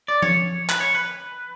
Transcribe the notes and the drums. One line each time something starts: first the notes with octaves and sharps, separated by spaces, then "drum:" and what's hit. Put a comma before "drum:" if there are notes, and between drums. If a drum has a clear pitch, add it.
D5
C#5, drum: tom F3
B4, drum: clap
C#5
B4